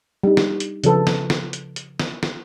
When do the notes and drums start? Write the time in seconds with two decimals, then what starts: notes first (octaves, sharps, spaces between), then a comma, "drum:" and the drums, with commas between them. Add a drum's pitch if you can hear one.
0.24 G3 D#4
0.37 drum: snare
0.60 drum: hi-hat
0.84 C#3 F3 A4 B4, drum: hi-hat
1.07 drum: snare
1.30 drum: snare
1.53 drum: hi-hat
1.76 drum: hi-hat
2.00 drum: snare
2.23 drum: snare